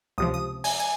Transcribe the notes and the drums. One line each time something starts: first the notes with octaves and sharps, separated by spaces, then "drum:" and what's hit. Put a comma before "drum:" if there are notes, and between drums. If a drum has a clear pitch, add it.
C#2 C3 F3 D#6
D#6
G#5, drum: open hi-hat
G#5